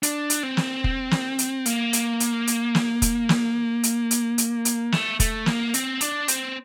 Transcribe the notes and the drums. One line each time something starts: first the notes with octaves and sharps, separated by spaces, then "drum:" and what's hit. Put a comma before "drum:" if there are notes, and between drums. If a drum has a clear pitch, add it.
D4, drum: hi-hat
drum: hi-hat
C4
drum: snare
drum: kick
drum: snare
drum: hi-hat
A#3, drum: hi-hat
drum: hi-hat
drum: hi-hat
drum: hi-hat
drum: snare
drum: kick, hi-hat
drum: snare
drum: hi-hat
drum: hi-hat
drum: hi-hat
drum: hi-hat
A3, drum: snare
A3, drum: kick, hi-hat
A#3, drum: snare
C4, drum: hi-hat
D4, drum: hi-hat
C4, drum: hi-hat